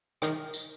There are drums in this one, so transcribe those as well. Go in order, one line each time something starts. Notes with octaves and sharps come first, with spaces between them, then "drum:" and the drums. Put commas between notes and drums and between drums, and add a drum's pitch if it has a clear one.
D#3, drum: rim click
drum: tambourine